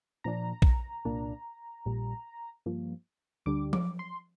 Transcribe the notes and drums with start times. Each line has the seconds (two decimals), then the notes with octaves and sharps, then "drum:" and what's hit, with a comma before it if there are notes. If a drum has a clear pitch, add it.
0.24 A#2 F3 D4 A#5
0.62 drum: kick A#1
1.05 C2 A#2 A#3 D4
1.85 A#1 A#2 G3
2.66 G2 F3 A#3
3.46 D2 D3 G3 D4 D6
3.73 D6, drum: tom F3
3.99 C6